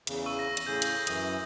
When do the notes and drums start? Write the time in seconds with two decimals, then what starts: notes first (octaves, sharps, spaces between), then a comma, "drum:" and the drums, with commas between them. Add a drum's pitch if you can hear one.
0.07 E2 C#3, drum: hi-hat
0.26 C#6 E6 D#7
0.39 A#6
0.57 drum: hi-hat
0.66 A2 C#3 G#4 G6
0.82 drum: hi-hat
1.07 F#2 E3 D#6, drum: hi-hat